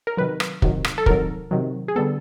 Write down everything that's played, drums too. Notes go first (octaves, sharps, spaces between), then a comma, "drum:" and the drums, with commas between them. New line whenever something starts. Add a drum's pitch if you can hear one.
A#4
C3 D#3 F#3 B4
drum: rim click
C3 D#3 F#3, drum: kick
drum: rim click
A4
C3 D#3 F#3 A#4, drum: kick
C3 D#3 F#3
G#4
D3 G3 B3 A4